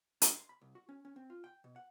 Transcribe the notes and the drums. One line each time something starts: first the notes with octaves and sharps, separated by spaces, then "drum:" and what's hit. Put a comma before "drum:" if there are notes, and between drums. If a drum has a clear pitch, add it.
D4, drum: hi-hat
C6
B5
C2
F#4
C#4
C#4
C4
F4
G5
B2
F#5